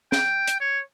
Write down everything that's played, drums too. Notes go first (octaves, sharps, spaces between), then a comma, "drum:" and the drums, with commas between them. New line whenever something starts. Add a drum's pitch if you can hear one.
G5, drum: snare
drum: hi-hat
C#5